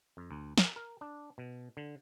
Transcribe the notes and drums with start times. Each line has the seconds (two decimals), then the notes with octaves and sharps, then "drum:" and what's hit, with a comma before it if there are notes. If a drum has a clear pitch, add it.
0.17 F2
0.31 D2
0.58 A#4, drum: snare
0.76 A#4
1.01 D4
1.38 B2
1.77 D3